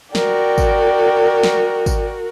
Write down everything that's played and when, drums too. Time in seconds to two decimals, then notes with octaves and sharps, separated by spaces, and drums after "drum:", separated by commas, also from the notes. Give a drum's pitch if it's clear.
0.15 F#4 A#4 D5 G5, drum: snare
0.58 drum: kick G#1, tambourine
1.43 drum: snare
1.86 drum: kick G#1, tambourine